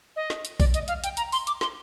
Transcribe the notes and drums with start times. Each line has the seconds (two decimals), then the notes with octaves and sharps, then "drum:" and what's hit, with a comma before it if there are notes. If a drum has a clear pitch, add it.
0.16 D#5
0.30 drum: snare
0.45 drum: hi-hat
0.60 D5, drum: kick A#1, open hi-hat
0.74 D#5, drum: hi-hat
0.88 F5, drum: hi-hat
1.04 G5, drum: hi-hat
1.17 A#5, drum: hi-hat
1.32 C6, drum: open hi-hat
1.47 D6, drum: hi-hat
1.61 C6, drum: snare